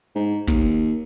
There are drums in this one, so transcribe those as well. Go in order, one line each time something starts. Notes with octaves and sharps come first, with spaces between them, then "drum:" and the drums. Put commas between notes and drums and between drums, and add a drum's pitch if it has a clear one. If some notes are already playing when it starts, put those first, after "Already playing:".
G#2
D#2, drum: kick